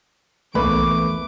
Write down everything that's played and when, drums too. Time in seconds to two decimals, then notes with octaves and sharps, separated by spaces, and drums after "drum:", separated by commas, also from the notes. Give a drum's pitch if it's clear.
0.55 E2 A3 A#3 B4 D6, drum: tom